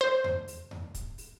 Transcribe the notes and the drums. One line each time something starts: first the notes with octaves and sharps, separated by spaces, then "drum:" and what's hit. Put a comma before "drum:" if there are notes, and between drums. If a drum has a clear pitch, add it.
C5
drum: tom E2
drum: open hi-hat
drum: tom E2
drum: kick, hi-hat
drum: open hi-hat